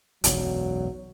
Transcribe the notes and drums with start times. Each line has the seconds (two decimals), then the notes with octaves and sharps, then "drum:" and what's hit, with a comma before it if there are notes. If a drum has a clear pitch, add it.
0.24 E1 B1 F#2 F#3, drum: hi-hat